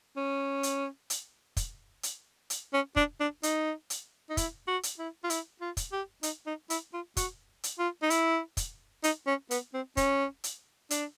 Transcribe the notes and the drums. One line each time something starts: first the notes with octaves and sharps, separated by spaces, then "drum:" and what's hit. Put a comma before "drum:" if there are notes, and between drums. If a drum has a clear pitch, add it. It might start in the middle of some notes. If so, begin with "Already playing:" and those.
C#4
drum: hi-hat
drum: hi-hat
drum: kick, hi-hat
drum: hi-hat
drum: hi-hat
C#4
D4, drum: kick
D4
D#4, drum: hi-hat
drum: hi-hat
D#4
E4, drum: kick, hi-hat
F#4
drum: hi-hat
E4
F4
E4, drum: hi-hat
F4
drum: kick, hi-hat
G4
D#4, drum: hi-hat
D#4
E4, drum: hi-hat
F4
F#4, drum: kick, hi-hat
drum: hi-hat
F4
D#4
E4, drum: hi-hat
drum: kick, hi-hat
D#4, drum: hi-hat
C#4
B3, drum: hi-hat
C4
C#4, drum: kick, hi-hat
drum: hi-hat
D4, drum: hi-hat